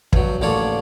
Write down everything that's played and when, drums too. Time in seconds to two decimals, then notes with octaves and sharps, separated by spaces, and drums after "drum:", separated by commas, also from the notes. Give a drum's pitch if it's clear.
0.13 G2 F#3, drum: kick
0.41 A1 D3 A#3 A4 C#5 D5